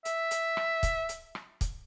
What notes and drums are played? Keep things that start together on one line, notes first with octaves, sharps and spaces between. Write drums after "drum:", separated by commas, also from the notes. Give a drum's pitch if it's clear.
E5, drum: hi-hat
drum: hi-hat
drum: rim click
drum: kick, hi-hat
drum: hi-hat
drum: rim click
drum: kick, hi-hat